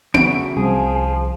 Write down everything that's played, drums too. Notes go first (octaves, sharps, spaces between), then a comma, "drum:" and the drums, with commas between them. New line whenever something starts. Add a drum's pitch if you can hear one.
C#3 A3 F#4 D7, drum: tom B3
C2 F3 G#4